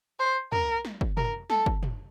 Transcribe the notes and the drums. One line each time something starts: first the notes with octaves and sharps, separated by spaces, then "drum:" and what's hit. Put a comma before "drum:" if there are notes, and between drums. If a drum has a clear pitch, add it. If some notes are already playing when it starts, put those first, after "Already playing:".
C5
A#4, drum: tom
drum: snare
drum: kick
A#4, drum: tom
A4, drum: snare
drum: kick
drum: tom